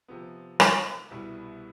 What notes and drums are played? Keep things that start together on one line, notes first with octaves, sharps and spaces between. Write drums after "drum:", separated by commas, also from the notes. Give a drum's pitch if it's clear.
C3 F3 B3
drum: rim click
C2 B2 G3 B3 E4